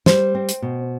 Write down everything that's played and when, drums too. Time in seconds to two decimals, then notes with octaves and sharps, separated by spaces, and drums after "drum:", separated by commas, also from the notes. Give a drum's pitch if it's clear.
0.06 G3 C5, drum: snare
0.35 C4
0.49 drum: hi-hat
0.62 B2